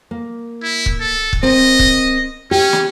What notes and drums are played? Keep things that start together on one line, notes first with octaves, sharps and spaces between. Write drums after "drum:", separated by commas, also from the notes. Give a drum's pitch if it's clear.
A#3
E4
drum: kick
A4
drum: kick
C4 A#4 D#5
drum: kick
C#4 G4
drum: snare